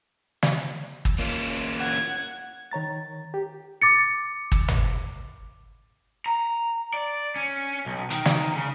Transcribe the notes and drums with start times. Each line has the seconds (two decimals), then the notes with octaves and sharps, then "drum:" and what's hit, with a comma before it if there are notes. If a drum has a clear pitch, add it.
0.42 drum: snare
1.05 drum: kick
1.19 A#3 C#4 F4
1.77 F#5 G#6
2.71 D#3 C#5 A#5 A6
3.34 G4
3.82 D6 A6 C#7
4.52 drum: kick
4.68 drum: tom
6.26 A#5
6.94 D5
7.36 C#4
7.86 B1
8.10 D#3, drum: hi-hat
8.25 drum: snare
8.55 C#3